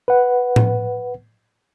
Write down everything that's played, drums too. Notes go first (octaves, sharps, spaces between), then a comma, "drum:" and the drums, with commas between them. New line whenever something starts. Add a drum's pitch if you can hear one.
B4 F#5
drum: tom A2